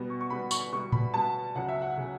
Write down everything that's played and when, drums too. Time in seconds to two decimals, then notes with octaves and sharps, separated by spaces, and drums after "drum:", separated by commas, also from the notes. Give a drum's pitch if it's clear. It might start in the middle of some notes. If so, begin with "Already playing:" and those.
Already playing: B2 G3 B3
0.10 C#6
0.21 C#6
0.30 B2 G3 B3 B5
0.51 C#6, drum: tambourine
0.72 B2 G3 B3 C#6
0.92 B5, drum: tom A2
1.14 B2 G3 B3 A5
1.55 C#2 C#3 F#3 F#5
1.69 E5
1.82 F#5
1.97 C#3 F#3